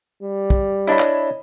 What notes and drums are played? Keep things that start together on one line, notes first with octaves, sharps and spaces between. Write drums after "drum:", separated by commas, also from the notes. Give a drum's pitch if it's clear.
G3
drum: kick
D4 E4 C#5 D#5 E5 B5
drum: clap